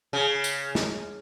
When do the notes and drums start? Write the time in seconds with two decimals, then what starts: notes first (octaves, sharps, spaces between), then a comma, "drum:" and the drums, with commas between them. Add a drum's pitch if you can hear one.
0.13 C#3
0.44 drum: tambourine
0.75 drum: snare